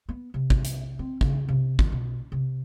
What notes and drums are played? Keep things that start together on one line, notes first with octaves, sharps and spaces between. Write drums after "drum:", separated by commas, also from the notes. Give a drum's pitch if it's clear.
B3
C3
drum: kick
drum: hi-hat
C4
C#3, drum: kick
C3
D#3, drum: kick
B2
C3